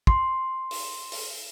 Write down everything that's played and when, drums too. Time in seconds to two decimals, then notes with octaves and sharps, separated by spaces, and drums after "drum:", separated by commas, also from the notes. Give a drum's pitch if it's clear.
0.07 C6, drum: kick
0.71 drum: open hi-hat
1.12 drum: open hi-hat